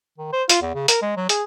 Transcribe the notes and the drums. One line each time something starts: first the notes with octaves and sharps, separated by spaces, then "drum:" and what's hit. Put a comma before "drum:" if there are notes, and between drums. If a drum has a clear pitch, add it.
D#3
C5
F4, drum: hi-hat
E2
C#3
A#4, drum: hi-hat
G#3
F#3
G#4, drum: hi-hat